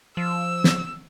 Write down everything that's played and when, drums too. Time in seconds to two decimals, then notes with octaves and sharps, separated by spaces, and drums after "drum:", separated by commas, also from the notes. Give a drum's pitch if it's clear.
0.17 F3 E6
0.64 drum: snare